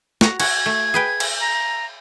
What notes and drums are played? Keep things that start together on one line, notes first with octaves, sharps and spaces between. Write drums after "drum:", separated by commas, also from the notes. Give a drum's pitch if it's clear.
F#4 A#5, drum: snare
F#4 G#6, drum: cymbal
A3
G#4 B4 G5
drum: cymbal
A#5